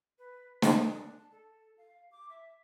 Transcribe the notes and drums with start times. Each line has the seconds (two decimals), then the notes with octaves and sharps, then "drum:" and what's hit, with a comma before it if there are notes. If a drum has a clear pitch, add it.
0.19 B4
0.62 D4, drum: snare
1.18 A5
1.32 A4
1.78 F5
2.12 D6
2.30 E5